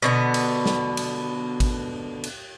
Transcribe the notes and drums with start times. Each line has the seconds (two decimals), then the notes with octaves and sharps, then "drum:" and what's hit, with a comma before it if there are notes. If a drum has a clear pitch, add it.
0.02 B2 D3 B3
0.34 drum: cymbal
0.66 drum: snare
0.97 drum: cymbal
1.60 drum: kick G#1, cymbal
2.23 drum: cymbal